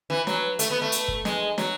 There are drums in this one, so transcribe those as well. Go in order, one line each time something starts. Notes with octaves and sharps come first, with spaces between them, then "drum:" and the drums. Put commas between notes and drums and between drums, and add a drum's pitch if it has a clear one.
E3
F#3, drum: snare
A3, drum: hi-hat
B3
A3
drum: hi-hat
drum: kick
G#3, drum: snare
F#3, drum: snare